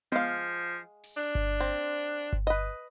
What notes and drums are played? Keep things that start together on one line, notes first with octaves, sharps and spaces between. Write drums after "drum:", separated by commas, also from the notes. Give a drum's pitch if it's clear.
F3 G#3 F5, drum: tom B3
drum: open hi-hat
D4, drum: hi-hat
drum: kick G1
C4
drum: kick G1
B4 D#5